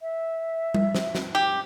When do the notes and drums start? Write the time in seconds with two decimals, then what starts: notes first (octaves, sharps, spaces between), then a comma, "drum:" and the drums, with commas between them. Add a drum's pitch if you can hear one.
0.01 E5
0.74 drum: tom G3
0.95 drum: snare
1.15 drum: snare
1.35 G4